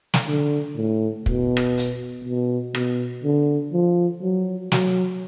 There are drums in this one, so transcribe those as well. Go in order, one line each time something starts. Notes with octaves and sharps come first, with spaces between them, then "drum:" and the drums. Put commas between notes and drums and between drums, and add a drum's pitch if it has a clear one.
drum: snare
D3
A2
B2, drum: kick
drum: rim click
drum: hi-hat
B2
B2, drum: rim click
D3
F3
F#3
F#3, drum: snare